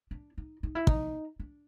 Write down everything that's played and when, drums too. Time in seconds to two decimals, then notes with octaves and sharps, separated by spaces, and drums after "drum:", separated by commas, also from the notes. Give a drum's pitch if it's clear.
0.11 D4
0.38 D#4
0.63 D#4
0.75 E4
0.87 D#4, drum: kick
1.40 D4